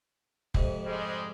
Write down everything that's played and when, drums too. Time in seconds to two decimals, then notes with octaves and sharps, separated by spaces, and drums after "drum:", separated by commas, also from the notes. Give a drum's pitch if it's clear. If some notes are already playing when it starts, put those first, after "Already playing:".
0.54 F2 G#2 C3, drum: kick
0.86 G3 G#3